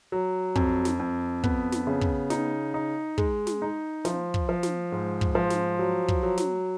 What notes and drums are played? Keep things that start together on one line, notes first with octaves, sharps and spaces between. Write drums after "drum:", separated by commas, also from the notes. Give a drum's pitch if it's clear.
F#3
F2, drum: kick
drum: snare
F2
B3, drum: kick
drum: snare
C#3
drum: kick
D#4, drum: snare
D#4
G#3, drum: kick
drum: snare
D#4
F3, drum: snare
drum: kick
F3
drum: snare
G#2
drum: kick
F3
drum: snare
F#3
drum: kick
F#3
drum: snare